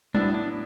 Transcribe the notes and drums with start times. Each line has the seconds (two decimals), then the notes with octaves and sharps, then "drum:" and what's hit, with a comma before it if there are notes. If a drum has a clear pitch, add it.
0.14 A2 F#3 B3 D4 E4, drum: tom
0.34 D4